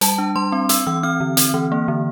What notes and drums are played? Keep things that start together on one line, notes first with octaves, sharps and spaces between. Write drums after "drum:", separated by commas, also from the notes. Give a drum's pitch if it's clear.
G3 A5, drum: hi-hat
D4
G3 C6
C4
C4 E6, drum: hi-hat
E3 E6
C4 F6
D3
C4, drum: hi-hat
E3
A#3
D3